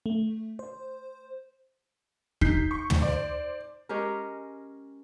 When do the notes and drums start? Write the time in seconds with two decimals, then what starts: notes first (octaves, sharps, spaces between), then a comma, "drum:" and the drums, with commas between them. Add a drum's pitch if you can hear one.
0.06 A3
0.59 C5
2.41 D#4 G6 B6 C7, drum: kick
2.71 C#6
2.90 drum: tom
3.02 C5 D5
3.89 G#3 C#4 G4 A#4